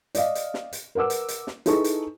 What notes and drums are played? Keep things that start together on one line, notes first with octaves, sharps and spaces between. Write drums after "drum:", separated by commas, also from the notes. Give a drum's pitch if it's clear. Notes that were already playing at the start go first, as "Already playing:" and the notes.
D5 D#5 F5, drum: hi-hat
drum: hi-hat
drum: snare
drum: hi-hat
A#4 B4 F#5 D6 E6
drum: hi-hat
drum: hi-hat
drum: snare
D#4 E4 G#4 A4 B4 C#6, drum: hi-hat
drum: hi-hat